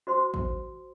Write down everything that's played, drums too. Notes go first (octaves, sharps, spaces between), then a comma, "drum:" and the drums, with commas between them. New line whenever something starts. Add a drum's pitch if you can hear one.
F#4 C5 C6
drum: kick A1